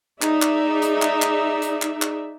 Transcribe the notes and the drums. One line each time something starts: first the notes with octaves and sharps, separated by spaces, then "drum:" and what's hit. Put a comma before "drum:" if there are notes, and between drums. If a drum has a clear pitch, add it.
D#4 G#4 D5 E5, drum: clap
drum: clap
drum: hi-hat
drum: clap
drum: clap
drum: hi-hat
drum: clap
drum: clap